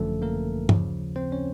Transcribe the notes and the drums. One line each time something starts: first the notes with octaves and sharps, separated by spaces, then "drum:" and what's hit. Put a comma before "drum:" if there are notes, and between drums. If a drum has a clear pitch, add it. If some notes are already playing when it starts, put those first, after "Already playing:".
Already playing: G#1 F#2 D3 F3 A3 A4
A#3 A#4
D#2 C#3 F3, drum: tom G2
C4 C5
C#4 C#5